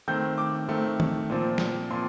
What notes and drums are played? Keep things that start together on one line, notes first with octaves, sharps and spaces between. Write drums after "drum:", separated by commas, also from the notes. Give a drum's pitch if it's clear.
D#3 A3 C4 G6
D6
D#3 A3 C4
drum: tom
A#2 F3 C4
drum: snare
A#2 F3 C4 C6